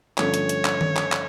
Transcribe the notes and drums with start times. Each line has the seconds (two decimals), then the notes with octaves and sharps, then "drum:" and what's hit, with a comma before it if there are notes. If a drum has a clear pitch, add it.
0.18 G2 D3 F3 A3 C#4 C#5, drum: clap
0.34 drum: hi-hat
0.49 drum: hi-hat
0.65 drum: clap
0.81 drum: tom D#3
0.97 drum: clap
1.12 drum: clap